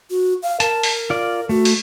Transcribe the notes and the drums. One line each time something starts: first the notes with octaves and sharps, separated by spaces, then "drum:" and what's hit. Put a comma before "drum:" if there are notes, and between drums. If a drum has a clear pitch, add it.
F#4
F5
A#4 A5, drum: hi-hat
drum: open hi-hat
F4 D5
A3 F#4
drum: open hi-hat